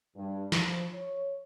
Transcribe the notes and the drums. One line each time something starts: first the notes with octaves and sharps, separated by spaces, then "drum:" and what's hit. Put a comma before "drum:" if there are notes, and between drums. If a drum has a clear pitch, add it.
G2
F3, drum: snare
C#5